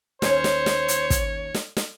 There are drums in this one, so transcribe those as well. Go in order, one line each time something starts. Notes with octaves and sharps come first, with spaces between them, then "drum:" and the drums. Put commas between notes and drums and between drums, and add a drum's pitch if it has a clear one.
D#2 C#4 C5 C#5, drum: snare
drum: snare
drum: snare
drum: hi-hat
drum: kick, hi-hat
drum: snare
drum: snare